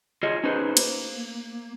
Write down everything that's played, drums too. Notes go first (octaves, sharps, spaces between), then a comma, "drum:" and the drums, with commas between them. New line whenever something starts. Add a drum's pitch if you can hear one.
F4 F#4 G#4 C#5 D#5
C#4 D#4 F#4 G#4 B4 C5
A#3, drum: cymbal